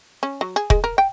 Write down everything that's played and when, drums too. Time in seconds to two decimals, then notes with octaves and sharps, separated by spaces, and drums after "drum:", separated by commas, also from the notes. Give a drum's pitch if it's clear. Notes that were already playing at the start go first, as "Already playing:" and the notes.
0.23 C#4
0.41 F#3
0.56 G#4
0.70 G#3, drum: kick
0.84 A#4
0.98 G5